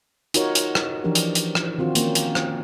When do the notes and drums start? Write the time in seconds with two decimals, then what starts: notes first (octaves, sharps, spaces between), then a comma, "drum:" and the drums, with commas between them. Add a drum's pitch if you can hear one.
0.34 D#4 F4 F#4 A#4 C#5, drum: hi-hat
0.55 drum: hi-hat
0.75 drum: rim click
1.04 E3 F3 D4 G4 A#4
1.15 drum: hi-hat
1.35 drum: hi-hat
1.55 drum: rim click
1.78 D#3 C4 F4 F#4
1.95 A#3 C#4, drum: hi-hat
2.15 drum: hi-hat
2.35 drum: rim click